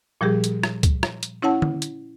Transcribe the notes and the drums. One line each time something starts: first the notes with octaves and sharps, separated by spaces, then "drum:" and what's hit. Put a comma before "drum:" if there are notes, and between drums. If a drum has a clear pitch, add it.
A#2 F3 G3 G4 G#4
drum: hi-hat
drum: rim click
drum: kick C#2, hi-hat
drum: rim click
drum: hi-hat
C#4 E4 C#5 F#5 A5
drum: tom
drum: hi-hat